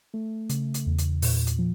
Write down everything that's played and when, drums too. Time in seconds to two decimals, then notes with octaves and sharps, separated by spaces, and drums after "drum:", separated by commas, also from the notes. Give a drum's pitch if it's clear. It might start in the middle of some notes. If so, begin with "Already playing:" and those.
0.14 A3
0.49 C#3, drum: hi-hat
0.74 drum: hi-hat
0.86 E2
0.98 drum: hi-hat
1.22 A#2, drum: open hi-hat
1.47 drum: hi-hat
1.58 F3